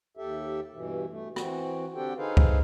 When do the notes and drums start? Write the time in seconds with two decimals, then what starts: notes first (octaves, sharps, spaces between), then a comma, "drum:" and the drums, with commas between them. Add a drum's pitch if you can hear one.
0.17 D#2 G4 A4 E5
0.73 G2 B2 E3
1.09 A3
1.36 E3 C4 F#4, drum: rim click
1.94 D3 C4 D4 G4 A4 G5
2.17 D#4 G#4 A4 B4 C5 F5
2.37 drum: kick C#2